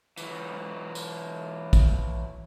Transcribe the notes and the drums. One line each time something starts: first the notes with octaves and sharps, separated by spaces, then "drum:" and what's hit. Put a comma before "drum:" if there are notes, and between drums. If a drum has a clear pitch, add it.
E3 F#3, drum: tambourine
drum: tambourine
drum: kick, tambourine